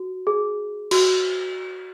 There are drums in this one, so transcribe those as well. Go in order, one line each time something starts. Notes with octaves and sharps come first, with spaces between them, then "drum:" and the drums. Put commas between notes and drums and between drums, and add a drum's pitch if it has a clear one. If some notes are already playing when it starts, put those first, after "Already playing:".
Already playing: F#4
G#4
F#4, drum: cymbal